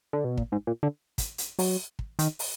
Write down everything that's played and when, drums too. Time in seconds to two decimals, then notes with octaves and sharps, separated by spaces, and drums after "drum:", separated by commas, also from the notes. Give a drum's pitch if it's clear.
0.13 D3
0.25 B2
0.37 A#2, drum: kick
0.52 G#2
0.67 A#2
0.83 D3
1.18 drum: kick, hi-hat
1.38 drum: hi-hat
1.59 F#3, drum: open hi-hat
1.99 drum: kick
2.19 D#3, drum: hi-hat
2.39 drum: open hi-hat